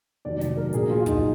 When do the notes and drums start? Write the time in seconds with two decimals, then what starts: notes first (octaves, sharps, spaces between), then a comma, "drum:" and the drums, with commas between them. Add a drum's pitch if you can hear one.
0.25 F1 D#2 D#3 F#3 D5
0.41 D5, drum: snare
0.57 A#4
0.73 A#1 A#2 F#3 G#4, drum: hi-hat
0.90 F4
1.00 F4
1.06 D#4, drum: kick, hi-hat